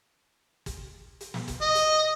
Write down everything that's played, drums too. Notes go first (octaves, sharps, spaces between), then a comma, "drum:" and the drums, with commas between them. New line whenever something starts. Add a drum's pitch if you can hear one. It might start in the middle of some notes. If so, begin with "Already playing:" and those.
drum: kick, hi-hat
drum: hi-hat
drum: snare
drum: kick, hi-hat
D#5
drum: hi-hat